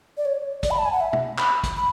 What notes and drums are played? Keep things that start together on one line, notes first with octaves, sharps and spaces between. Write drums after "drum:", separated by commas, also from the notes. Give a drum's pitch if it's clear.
D5
C#5
D5, drum: kick, hi-hat
B5
A5
G#5
F#5
E5
drum: tom
B5, drum: clap
drum: kick, hi-hat
B5